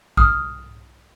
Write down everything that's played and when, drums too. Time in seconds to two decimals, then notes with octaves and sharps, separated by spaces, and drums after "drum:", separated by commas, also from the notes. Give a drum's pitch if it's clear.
0.17 D#6 F6, drum: kick A1